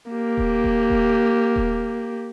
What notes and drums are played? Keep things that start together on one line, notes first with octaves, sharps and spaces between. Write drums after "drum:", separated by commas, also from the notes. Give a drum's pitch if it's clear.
A#3 G4
drum: kick D#1
drum: kick D#1
drum: kick D#1
drum: kick D#1